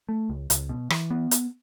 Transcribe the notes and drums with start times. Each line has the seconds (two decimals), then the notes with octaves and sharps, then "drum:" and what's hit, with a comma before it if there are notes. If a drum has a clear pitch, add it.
0.09 A3
0.30 C#2
0.50 C#2, drum: hi-hat
0.69 B2
0.90 E3, drum: rim click
1.10 B3
1.31 drum: hi-hat